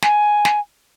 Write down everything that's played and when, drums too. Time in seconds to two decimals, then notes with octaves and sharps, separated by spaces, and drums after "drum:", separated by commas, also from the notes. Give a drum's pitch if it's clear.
0.02 G#5, drum: snare
0.45 drum: snare